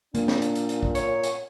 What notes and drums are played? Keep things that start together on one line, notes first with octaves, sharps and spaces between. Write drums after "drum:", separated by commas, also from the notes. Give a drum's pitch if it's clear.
A#2 A#3 D4, drum: hi-hat
drum: snare
drum: hi-hat
drum: hi-hat
drum: hi-hat
drum: kick
C#5, drum: hi-hat
drum: hi-hat